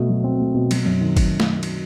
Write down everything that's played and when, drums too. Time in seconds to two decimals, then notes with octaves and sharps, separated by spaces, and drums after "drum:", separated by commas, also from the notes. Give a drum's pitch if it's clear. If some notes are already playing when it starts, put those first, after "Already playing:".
Already playing: B2 A3
0.09 F#3
0.24 C4
0.40 A3
0.55 B2
0.71 F#3, drum: cymbal
0.86 F#2
1.01 D#3
1.17 drum: kick, cymbal
1.40 drum: snare A3
1.63 drum: cymbal